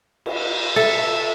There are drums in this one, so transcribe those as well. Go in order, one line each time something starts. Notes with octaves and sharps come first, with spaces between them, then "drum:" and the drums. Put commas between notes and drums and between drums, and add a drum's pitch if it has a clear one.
drum: cymbal
A4 E5